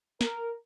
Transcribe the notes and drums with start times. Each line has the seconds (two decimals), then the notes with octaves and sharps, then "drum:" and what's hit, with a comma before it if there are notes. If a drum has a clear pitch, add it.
0.21 A#4, drum: snare